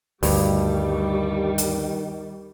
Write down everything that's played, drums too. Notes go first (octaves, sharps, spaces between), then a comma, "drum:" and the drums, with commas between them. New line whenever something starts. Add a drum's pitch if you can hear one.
D2 G2 D#3 G3, drum: open hi-hat
drum: hi-hat